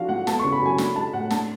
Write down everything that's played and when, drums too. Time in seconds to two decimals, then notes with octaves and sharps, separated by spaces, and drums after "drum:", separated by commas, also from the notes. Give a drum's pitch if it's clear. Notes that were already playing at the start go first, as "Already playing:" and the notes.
Already playing: F3 D4 F#4 F5
0.09 G#2 F#5
0.27 B3 A5, drum: snare
0.39 C#3 C#6
0.52 B5
0.61 F#2 G#5
0.78 D4 B5, drum: snare
0.96 G#3 A5
1.13 A2 F#5
1.30 D4 A5, drum: snare